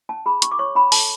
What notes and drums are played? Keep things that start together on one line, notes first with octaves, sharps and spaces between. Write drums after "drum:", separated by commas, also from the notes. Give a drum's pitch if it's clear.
C#4 A5
G#4 B5
C#4 C#6, drum: hi-hat
D6
C#5 C#6
C#4 B5
A4 A5, drum: open hi-hat